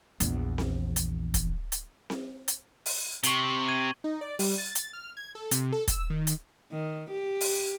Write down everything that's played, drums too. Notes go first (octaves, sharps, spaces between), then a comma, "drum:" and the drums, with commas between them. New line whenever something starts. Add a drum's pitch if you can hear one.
A#1 E2, drum: hi-hat
drum: snare C4
drum: hi-hat
drum: kick, hi-hat
drum: hi-hat
drum: snare C4
drum: hi-hat
drum: open hi-hat
C3 C#6 F#7 G7, drum: hi-hat
G#6 D#7
D#4
D5
G3, drum: open hi-hat
A6
drum: hi-hat
F6
G#6
A4
C3, drum: hi-hat
A4
E6, drum: kick, hi-hat
D#3
drum: hi-hat
D#3
G4
drum: open hi-hat